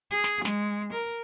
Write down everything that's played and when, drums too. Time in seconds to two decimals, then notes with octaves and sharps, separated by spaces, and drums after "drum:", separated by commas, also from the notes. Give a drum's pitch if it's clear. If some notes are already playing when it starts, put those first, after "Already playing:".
0.11 G#4
0.24 drum: snare
0.45 G#3, drum: snare
0.93 A#4